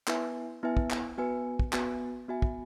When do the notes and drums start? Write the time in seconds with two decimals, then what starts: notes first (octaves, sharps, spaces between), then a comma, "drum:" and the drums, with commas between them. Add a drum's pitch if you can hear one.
0.07 B3 E4 B4 E5 G#5, drum: clap
0.63 B3 E4 B4 E5 G#5
0.77 drum: kick
0.90 drum: clap
1.18 B3 F#4 B4 G#5
1.59 drum: kick
1.73 B3 F#4 B4 G#5, drum: clap
2.28 B3 F#4 E5 G#5
2.42 drum: kick